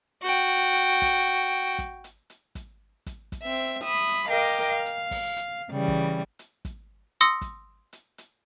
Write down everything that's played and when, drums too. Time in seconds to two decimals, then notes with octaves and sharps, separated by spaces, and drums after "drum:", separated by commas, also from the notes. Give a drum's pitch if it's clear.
0.23 F#4 G5
0.76 drum: hi-hat
1.02 drum: kick, open hi-hat
1.79 drum: kick, hi-hat
2.04 drum: hi-hat
2.30 drum: hi-hat
2.55 drum: kick, hi-hat
3.06 drum: kick, hi-hat
3.32 drum: kick, hi-hat
3.43 C4 E5
3.83 E5 B5 D#6, drum: hi-hat
4.09 drum: hi-hat
4.27 A#4 D#5 F5 G5 D6
4.68 F5
4.86 drum: hi-hat
5.11 drum: kick, open hi-hat
5.37 drum: hi-hat
5.71 C#3 E3 G3
5.88 drum: kick
6.39 drum: hi-hat
6.65 drum: kick, hi-hat
7.21 C6 D#6 E6 A#6 C#7
7.41 drum: kick, hi-hat
7.93 drum: hi-hat
8.18 drum: hi-hat